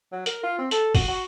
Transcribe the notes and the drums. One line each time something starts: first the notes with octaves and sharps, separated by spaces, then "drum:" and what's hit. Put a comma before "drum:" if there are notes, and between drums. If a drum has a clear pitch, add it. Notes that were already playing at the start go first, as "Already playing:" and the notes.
F#3
A#4, drum: hi-hat
F4
C4
A4, drum: hi-hat
F#4, drum: kick, open hi-hat
F#4